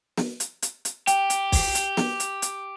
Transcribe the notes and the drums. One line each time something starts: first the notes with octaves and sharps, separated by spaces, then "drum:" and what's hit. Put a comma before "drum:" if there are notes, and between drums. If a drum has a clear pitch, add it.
drum: snare
drum: hi-hat
drum: hi-hat
drum: hi-hat
G4 G5, drum: hi-hat
drum: hi-hat
drum: kick, open hi-hat
drum: hi-hat
drum: snare
drum: hi-hat
drum: hi-hat